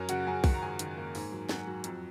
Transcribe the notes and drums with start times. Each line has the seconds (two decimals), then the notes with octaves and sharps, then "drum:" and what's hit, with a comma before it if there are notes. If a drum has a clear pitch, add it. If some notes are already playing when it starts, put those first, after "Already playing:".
Already playing: F#2 F#3 A#4 C#5 G#5 A#5
0.09 C#3 F#4 F#5, drum: hi-hat
0.26 F#2 G#4 G#5
0.44 D#3 F#4 F#5, drum: kick B1, open hi-hat
0.54 A#5
0.62 G#2 G#4 G#5
0.79 D#3, drum: hi-hat
0.97 A#3
1.15 G#2, drum: open hi-hat
1.32 F#3
1.49 F#3 F#4 F#5, drum: snare
1.67 F#3
1.84 F2, drum: hi-hat